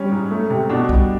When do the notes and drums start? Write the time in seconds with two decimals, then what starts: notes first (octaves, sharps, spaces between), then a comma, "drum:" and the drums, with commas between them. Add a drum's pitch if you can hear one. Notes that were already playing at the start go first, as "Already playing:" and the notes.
Already playing: G3 C#4
0.11 G#2
0.31 A3
0.50 C3
0.70 B2 D4
0.89 G3, drum: kick